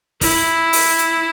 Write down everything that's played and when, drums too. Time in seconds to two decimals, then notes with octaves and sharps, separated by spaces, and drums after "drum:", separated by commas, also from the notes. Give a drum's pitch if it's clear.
0.21 E4, drum: kick, open hi-hat
0.73 drum: open hi-hat
0.99 drum: hi-hat